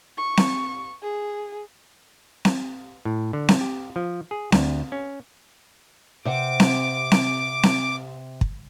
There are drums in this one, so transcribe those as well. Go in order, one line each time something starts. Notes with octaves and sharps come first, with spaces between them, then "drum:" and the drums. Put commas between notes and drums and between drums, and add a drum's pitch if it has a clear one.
C#6
drum: snare C4
G#4
drum: snare C4
A2
D3
drum: snare C4
G4
F3
G#4
D2, drum: snare C4
C#4
C3 C5 F#5 D6
drum: snare C4
drum: snare C4
drum: snare C4
drum: kick